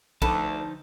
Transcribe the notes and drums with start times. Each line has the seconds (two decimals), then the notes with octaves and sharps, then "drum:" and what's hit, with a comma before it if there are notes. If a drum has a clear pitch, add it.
0.22 D2 D3 F3 D#4 B4 A5, drum: kick